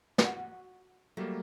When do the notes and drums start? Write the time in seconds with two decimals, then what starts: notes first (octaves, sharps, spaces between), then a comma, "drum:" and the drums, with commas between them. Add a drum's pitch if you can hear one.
0.18 F#4, drum: snare
1.17 F#3 G3 A3 A#3